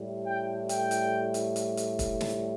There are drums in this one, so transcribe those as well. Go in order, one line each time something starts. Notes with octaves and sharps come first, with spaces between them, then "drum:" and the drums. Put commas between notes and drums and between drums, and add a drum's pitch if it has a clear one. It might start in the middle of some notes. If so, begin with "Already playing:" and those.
Already playing: A2 G3
G5
G5, drum: hi-hat
drum: hi-hat
drum: hi-hat
drum: hi-hat
drum: hi-hat
drum: kick, hi-hat
drum: snare